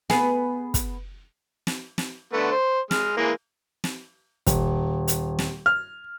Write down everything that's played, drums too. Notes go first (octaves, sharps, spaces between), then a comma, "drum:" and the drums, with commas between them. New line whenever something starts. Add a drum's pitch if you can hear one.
B3 G#4, drum: snare
drum: kick, hi-hat
drum: snare
drum: snare
D3 A3 B3
C5
G#3 F6, drum: snare
E3 G#3 A#3
drum: snare
D#1, drum: kick, hi-hat
drum: hi-hat
drum: snare
F6